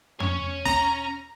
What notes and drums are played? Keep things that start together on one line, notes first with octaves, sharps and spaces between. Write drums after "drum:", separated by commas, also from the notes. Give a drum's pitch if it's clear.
C#4 C#5, drum: tom
A#5, drum: snare